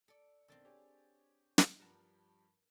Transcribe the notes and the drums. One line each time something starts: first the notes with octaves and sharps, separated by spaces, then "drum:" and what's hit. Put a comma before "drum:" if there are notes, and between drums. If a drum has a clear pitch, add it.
A4 D5 C#7
B1 D#3 C4 D4 A4 A6
G4 G#4 C#5
drum: snare
G2 F3 G3 A#4 F#5 A5